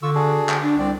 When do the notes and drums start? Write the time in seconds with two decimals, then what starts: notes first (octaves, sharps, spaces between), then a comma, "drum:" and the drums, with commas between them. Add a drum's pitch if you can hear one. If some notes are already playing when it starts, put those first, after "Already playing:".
0.03 D3 F4 C#6 E6
0.15 D4 F#4 G#4
0.49 drum: clap
0.64 D4
0.78 C2 C4 D5